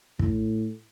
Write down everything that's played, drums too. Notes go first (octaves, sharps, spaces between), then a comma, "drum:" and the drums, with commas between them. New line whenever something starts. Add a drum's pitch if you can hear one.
A2, drum: kick